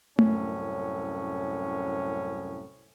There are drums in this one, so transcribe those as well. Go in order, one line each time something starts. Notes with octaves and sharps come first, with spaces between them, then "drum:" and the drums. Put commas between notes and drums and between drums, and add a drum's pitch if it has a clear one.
C2 F#2 A2 C#4, drum: tom A3